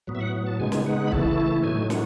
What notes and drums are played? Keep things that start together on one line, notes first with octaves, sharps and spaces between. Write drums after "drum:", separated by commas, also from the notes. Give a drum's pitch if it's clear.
A2 F#3 B3
E5
F#5
A5
C#3 G#3 B3 D#4 G#5
drum: snare
F#5
B5
C#3 E3 A3 E4 A5, drum: kick
A2 F#3 A3 D#4 G#5
F#5, drum: snare